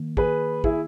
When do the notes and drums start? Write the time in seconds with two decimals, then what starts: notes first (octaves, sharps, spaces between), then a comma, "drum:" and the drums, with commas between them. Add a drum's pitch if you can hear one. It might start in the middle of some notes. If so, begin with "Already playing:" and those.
Already playing: D#3 A#3
0.17 G#4 B4, drum: kick
0.64 E4 G#4, drum: kick